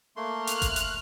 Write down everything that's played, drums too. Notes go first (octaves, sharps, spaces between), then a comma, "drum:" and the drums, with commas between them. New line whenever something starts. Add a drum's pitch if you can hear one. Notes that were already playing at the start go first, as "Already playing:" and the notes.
A3 A#3 C6
F6 F#6, drum: hi-hat
drum: kick G1, hi-hat
drum: hi-hat